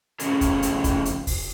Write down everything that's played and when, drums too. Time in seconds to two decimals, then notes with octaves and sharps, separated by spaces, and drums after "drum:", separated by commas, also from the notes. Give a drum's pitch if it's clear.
0.20 A2 C#3 F3 C#4 G#4 A#4, drum: hi-hat
0.41 drum: kick, hi-hat
0.62 drum: hi-hat
0.84 drum: kick, hi-hat
1.05 drum: hi-hat
1.27 drum: kick, open hi-hat